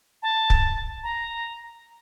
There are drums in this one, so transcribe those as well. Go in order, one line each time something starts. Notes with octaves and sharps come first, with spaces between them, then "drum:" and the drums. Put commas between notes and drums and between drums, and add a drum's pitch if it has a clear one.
A5
drum: kick
A#5